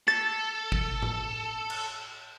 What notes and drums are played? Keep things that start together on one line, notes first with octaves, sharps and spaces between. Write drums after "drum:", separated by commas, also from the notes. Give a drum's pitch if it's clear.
A4 A6, drum: rim click
drum: kick
drum: tom A2
drum: cymbal